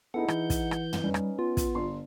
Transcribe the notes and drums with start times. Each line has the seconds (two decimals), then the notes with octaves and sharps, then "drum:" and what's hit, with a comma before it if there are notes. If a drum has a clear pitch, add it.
0.14 B3 D#4 E4 G#4 A4 F#5
0.28 E3 G6, drum: rim click
0.50 drum: kick, hi-hat
0.71 drum: rim click
0.93 drum: tom
1.04 G3 C#4 D#4 B4
1.14 drum: rim click
1.39 B3 F4
1.57 drum: kick, hi-hat
1.75 G1 C6